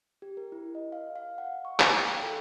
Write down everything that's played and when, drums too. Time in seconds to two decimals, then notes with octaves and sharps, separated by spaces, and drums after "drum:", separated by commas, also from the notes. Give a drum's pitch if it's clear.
0.22 G4
0.37 A#4
0.52 E4
0.75 D#5
0.92 F5
1.16 F5
1.38 F#5
1.65 C#6
1.80 D6, drum: clap
1.96 G5
2.23 A4